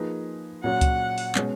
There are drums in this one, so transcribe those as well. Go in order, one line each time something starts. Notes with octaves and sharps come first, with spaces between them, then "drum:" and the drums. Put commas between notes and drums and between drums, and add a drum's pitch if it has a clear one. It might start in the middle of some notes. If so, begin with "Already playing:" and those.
Already playing: F3 A#3 D#4 G#4 B4
A#2 F#3 C#4 F#4 F#5
drum: kick C#2, hi-hat
drum: open hi-hat
B2 G#3 C#4 G#4 C#5, drum: clap